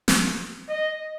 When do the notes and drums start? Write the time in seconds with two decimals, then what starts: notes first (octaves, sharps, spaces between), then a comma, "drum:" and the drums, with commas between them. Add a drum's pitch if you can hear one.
0.08 drum: snare
0.69 D#5